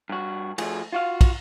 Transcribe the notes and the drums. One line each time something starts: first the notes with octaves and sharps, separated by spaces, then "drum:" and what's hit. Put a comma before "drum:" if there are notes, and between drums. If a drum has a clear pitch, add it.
G2 F#4
F3 A3 F#4 G#4, drum: cymbal
F4 F#4 F5
drum: kick, cymbal